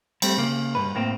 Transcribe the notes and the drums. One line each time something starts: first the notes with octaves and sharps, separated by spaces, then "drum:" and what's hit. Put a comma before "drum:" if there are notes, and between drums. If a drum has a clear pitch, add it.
G3 A3 C4, drum: cymbal
C#3 A#3
G2 B2 B4
A2 A#3 C4